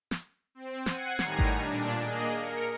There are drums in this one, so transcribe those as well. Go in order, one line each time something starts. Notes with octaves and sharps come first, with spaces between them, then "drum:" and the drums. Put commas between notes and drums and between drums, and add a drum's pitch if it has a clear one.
drum: snare
C4
F#5 G#6 C7 C#7 D#7, drum: snare
A2 D#3 G3 G#5 A#5, drum: snare
drum: kick G#1
A#2 D4
A#3 G#4 D#5
A#4 C#7